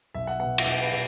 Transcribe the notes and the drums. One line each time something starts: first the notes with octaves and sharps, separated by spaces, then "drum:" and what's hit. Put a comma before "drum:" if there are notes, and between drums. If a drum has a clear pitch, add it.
B1 E5
F#5
B2 B3 F#5
E5, drum: cymbal
B1 F#5
B4 B5
B2